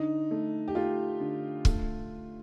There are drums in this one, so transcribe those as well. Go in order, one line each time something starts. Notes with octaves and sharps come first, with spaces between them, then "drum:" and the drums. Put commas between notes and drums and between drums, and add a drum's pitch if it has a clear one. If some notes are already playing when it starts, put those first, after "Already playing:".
Already playing: D3 D#4
A3
G4
A3 F4
D3
A3, drum: kick